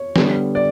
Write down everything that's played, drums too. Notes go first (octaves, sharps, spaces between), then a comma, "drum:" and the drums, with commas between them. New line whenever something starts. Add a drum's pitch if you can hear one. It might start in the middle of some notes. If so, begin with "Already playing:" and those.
Already playing: C#5
D3 G3 B3, drum: snare
D5